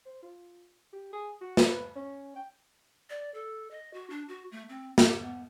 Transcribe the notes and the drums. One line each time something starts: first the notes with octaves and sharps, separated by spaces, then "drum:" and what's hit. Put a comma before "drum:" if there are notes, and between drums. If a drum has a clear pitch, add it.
C5
F4
G4
G#4
F#4
drum: snare
B4
C#4
G5
D5
A4
D#5
F#4
D4
F#4
A3
C4
G4, drum: snare
B3